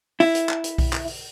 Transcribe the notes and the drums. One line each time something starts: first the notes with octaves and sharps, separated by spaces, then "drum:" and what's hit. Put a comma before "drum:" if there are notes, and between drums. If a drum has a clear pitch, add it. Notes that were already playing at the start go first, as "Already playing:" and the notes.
E4, drum: open hi-hat
drum: hi-hat
drum: clap
drum: hi-hat
drum: kick B1, open hi-hat
drum: clap
drum: open hi-hat